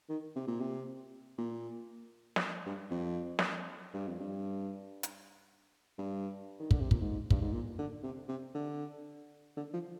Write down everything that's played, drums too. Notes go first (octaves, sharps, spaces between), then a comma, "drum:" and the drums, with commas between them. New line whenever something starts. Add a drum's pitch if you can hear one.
D#3
C3
A#2
C3
A#2
drum: snare
G2
F2
drum: snare
G2
F2
G2
drum: hi-hat
G2
D#3
D3, drum: kick
C3
A#2, drum: kick
G#2
G2, drum: kick
G#2
A#2
D3
C3
C3
D3
D3
F3